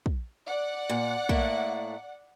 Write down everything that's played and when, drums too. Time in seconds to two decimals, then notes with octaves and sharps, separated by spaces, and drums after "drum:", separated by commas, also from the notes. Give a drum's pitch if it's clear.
0.06 drum: kick
0.46 D5 F#5
0.90 A#2
1.29 A2 A3 A#3, drum: kick